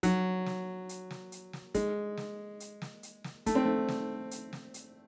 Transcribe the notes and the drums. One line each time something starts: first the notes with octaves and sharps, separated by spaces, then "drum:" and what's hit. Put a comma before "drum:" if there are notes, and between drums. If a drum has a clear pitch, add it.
F#3, drum: kick, hi-hat
drum: snare
drum: hi-hat
drum: snare
drum: hi-hat
drum: snare
G#3, drum: kick, hi-hat
drum: snare
drum: hi-hat
drum: snare
drum: hi-hat
drum: snare
A3, drum: kick, hi-hat
C4
A3
drum: snare
drum: hi-hat
drum: snare
drum: hi-hat